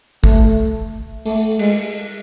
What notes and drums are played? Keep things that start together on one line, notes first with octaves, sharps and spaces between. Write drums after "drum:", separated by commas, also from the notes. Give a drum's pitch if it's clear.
A3, drum: kick
A3, drum: open hi-hat
G#3, drum: cymbal